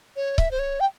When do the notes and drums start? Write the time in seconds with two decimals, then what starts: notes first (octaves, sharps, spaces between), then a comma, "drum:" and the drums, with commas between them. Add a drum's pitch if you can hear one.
0.16 C#5
0.38 E5, drum: kick C#1
0.51 C5
0.59 C#5
0.80 G5